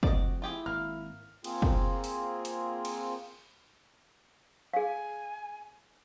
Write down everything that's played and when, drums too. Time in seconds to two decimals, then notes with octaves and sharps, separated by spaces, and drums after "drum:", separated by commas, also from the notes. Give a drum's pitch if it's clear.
0.03 F3 A3 C4 F#4 D5 D#5, drum: kick
0.42 E4 F4 G4 G#4
0.66 G#1 A#3 F6
1.44 A#3 C4 F4 G#4, drum: cymbal
1.62 drum: kick
2.04 drum: open hi-hat
2.45 drum: hi-hat
2.85 drum: cymbal
4.74 G#4 F5 G#5